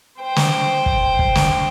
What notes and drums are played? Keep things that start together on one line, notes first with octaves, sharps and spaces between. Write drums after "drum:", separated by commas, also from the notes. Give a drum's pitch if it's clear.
C5 G5
drum: snare
drum: kick
drum: kick
drum: snare